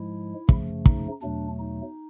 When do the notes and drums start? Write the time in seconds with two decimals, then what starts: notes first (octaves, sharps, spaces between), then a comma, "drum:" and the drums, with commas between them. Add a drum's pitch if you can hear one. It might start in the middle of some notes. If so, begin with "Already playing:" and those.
Already playing: G#2 F3 G#3 E4
0.49 F#2 C#3 F3 A3, drum: kick
0.86 D#4, drum: kick
1.22 E2 B2 F#3 A3 D4
1.59 D#4